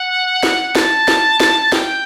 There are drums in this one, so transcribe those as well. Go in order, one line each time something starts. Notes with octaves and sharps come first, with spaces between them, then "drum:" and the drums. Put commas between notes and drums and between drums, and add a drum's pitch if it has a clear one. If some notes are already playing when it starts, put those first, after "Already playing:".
Already playing: F#5
drum: snare
A5, drum: snare
drum: snare
drum: snare
G5, drum: snare